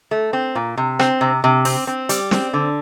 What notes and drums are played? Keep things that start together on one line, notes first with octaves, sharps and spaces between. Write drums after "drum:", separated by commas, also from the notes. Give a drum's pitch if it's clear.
A3
C4
A#2
C3
C4, drum: rim click
C3
C3
C4, drum: open hi-hat
C4
G3, drum: hi-hat
C4, drum: snare
D3